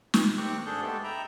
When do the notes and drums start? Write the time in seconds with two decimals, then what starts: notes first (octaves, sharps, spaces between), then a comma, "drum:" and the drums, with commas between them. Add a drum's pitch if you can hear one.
0.14 drum: snare
0.37 D#3 C4 G4 C#6 D6 F#6
0.66 G#2 D4 G#4 A4 G6
0.82 G#3 A3 B3 G4 A4
1.04 E5 G5 A#5 B5